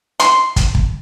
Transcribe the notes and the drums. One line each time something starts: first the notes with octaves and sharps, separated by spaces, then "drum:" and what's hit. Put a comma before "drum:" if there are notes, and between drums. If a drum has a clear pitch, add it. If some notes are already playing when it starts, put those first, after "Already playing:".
C6, drum: hi-hat
drum: kick, hi-hat
drum: kick